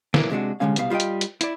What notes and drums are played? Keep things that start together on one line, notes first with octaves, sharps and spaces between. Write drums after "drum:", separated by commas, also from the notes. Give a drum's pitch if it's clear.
B1 E3 A#3, drum: snare
C3 G#3 D4 F#4
C2 F2 D3 G#3 C#4 F5
C2 B2 F4 F5, drum: hi-hat
G3 F4 C5 D#5 G5
drum: hi-hat
drum: hi-hat
E4 D5, drum: hi-hat